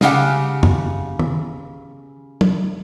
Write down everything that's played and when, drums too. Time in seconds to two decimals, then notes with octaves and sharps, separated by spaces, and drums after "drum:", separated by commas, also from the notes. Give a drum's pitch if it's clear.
0.01 C#3 G4 F#5, drum: snare
0.63 drum: tom
1.19 drum: tom
2.41 drum: tom